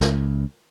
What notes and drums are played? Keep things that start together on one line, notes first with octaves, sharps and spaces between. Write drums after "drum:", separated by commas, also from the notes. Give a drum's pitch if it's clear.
C#2, drum: snare